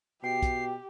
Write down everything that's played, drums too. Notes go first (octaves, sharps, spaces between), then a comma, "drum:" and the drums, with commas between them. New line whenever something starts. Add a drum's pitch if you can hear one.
B2 G4 G5 C7
drum: kick, hi-hat